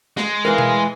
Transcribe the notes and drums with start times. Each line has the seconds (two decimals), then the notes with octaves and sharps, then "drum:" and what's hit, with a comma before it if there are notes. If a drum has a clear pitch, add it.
0.17 G#3, drum: snare
0.45 E3 A#4 B4 F5
0.58 drum: tom B2